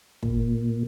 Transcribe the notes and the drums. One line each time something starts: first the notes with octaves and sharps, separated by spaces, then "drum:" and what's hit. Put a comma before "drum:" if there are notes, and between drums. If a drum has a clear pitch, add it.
A#2, drum: kick